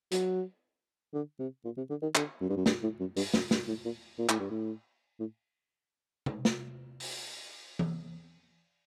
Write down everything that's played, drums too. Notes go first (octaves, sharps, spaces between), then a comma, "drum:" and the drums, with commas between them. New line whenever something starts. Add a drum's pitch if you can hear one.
F#3, drum: hi-hat
D3
C3
A#2
C3
D3
D#3
D3, drum: clap
F#2
G2
F#2
G2, drum: snare
A2
F#2
G2, drum: open hi-hat
F#2, drum: snare
G2, drum: snare
A2
A#2
A#2
A2, drum: clap
G2
A2
A2
drum: tom C3
drum: snare
drum: open hi-hat
drum: tom E3